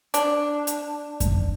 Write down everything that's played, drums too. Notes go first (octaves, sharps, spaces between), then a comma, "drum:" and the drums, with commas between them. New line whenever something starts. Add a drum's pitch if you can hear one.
D4, drum: hi-hat
drum: hi-hat
drum: kick F#2, hi-hat